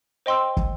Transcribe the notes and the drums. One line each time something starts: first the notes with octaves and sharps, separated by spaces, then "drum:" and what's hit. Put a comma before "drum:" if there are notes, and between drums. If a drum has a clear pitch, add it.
C5 D#5 G5 C6 E6
drum: kick